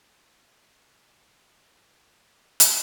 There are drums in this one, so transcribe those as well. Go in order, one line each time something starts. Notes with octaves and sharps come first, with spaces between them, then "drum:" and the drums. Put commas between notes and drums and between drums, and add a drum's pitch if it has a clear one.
G#3 A3 G4
drum: hi-hat